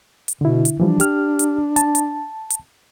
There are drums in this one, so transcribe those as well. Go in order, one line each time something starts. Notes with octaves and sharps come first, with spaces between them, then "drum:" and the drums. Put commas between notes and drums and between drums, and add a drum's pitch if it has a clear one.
drum: hi-hat
B2 D3 E4
drum: hi-hat
E3 F3 G3 D4
G4 F6, drum: hi-hat
drum: hi-hat
A5, drum: hi-hat
drum: hi-hat
drum: hi-hat